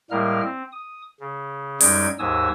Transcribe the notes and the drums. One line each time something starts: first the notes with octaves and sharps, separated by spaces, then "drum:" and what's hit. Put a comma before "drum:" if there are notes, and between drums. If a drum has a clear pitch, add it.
A2 G3 G#3 A#3 A#4 F6
C4
D#6
C#3
F#2 G3 G#3 D#4 G5 G#6, drum: open hi-hat
D#2 G#2 F#3 G#5 D#6 E6